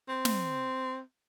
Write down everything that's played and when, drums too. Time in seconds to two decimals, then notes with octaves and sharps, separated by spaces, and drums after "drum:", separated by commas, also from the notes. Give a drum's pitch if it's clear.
0.09 C4
0.25 drum: snare